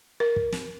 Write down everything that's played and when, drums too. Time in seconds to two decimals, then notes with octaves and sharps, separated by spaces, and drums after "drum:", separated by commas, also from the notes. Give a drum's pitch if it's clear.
0.20 A#4
0.36 drum: kick
0.52 drum: snare